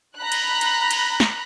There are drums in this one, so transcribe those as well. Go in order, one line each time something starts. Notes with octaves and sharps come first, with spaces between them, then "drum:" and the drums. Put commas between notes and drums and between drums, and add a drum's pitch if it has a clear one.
A#5 B5 F#6
drum: cymbal
drum: cymbal
drum: cymbal
drum: snare